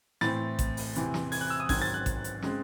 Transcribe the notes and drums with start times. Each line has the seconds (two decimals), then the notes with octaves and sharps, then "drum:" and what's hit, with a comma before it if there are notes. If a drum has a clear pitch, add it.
0.21 A2 E3 C4 A6, drum: snare
0.59 drum: kick A1, hi-hat
0.77 drum: open hi-hat
0.95 E2 C3 E3 C4, drum: hi-hat
1.14 drum: snare
1.32 G#6, drum: open hi-hat
1.41 F#6
1.50 E6
1.60 D#6
1.69 G#2 D#3 F#3 C4 G#6, drum: kick A1, open hi-hat
1.82 A6
1.94 F#6
2.06 drum: kick A1, hi-hat
2.24 drum: hi-hat
2.42 C#3 G#3 C4, drum: snare